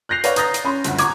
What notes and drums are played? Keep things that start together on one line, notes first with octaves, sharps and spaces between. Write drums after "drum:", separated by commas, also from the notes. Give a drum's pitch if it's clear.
F#6 G6 A#6 C7 F7
B4 C#5 D5 F5, drum: hi-hat
A#5 D#6 G6 A6 A#6, drum: hi-hat
drum: hi-hat
C#4 B5 C6
G1 D2, drum: hi-hat
D#1 A#5 C#6 D6 G#6, drum: hi-hat